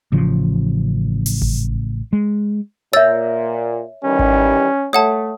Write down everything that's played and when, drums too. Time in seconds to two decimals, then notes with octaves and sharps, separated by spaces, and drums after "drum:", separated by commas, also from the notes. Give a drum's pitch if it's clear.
0.12 A1 C#3 F3
1.26 drum: open hi-hat
1.42 drum: kick G#1
2.13 G#3
2.93 A#2 C#5 E5 E6 G6 A6
4.04 D#3 E3 G3 C#4
4.19 drum: kick G#1
4.93 A3 C#5 F#5 A5 D#6